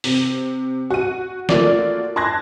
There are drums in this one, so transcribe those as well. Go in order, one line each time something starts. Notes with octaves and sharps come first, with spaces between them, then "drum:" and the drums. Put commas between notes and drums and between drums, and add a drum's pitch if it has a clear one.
C3, drum: open hi-hat
F#4 D#7
A3 A#3 F4 F#4 D5, drum: snare
A5 C6 F#6 G#6 A#6